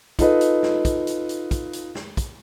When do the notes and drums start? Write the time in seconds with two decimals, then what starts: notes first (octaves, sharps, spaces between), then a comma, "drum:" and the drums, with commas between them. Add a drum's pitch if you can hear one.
0.19 D#4 F4 A4 B4 D#5, drum: kick, hi-hat
0.41 drum: hi-hat
0.63 drum: snare
0.85 drum: kick, hi-hat
1.07 drum: hi-hat
1.29 drum: hi-hat
1.51 drum: kick, hi-hat
1.73 drum: hi-hat
1.95 drum: snare
2.17 drum: kick, hi-hat